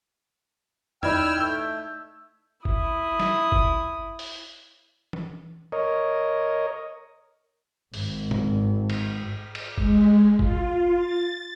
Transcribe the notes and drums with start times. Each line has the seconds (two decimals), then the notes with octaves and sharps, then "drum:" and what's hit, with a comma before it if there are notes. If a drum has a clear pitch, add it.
1.03 D#4 E4 D5 G5 B5 E6 F6 G#6, drum: tom E2
1.38 A3 E6 G6
2.65 E4 D#6, drum: kick G1
3.20 drum: snare
3.52 drum: kick G1
4.19 drum: open hi-hat
5.13 drum: tom E3
5.72 A#4 C#5 D#5
7.94 G#1, drum: open hi-hat
8.31 drum: tom G#2
8.90 drum: cymbal
9.55 drum: cymbal
9.78 G#3, drum: kick G1
10.39 F4, drum: kick G1
10.97 A6